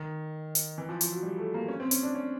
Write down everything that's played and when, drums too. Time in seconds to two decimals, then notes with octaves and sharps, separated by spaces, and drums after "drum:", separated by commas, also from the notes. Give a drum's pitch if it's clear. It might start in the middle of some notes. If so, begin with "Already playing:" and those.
Already playing: D#3
0.55 drum: hi-hat
0.78 E3
0.89 F3
1.01 F3, drum: hi-hat
1.12 F#3
1.23 G3
1.38 A3
1.54 A#3
1.68 C#4
1.80 C4
1.91 C#4, drum: hi-hat
2.03 D4
2.15 C#4